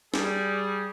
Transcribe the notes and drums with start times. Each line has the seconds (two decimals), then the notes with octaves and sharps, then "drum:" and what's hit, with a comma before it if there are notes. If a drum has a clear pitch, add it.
0.14 G3 G#4, drum: snare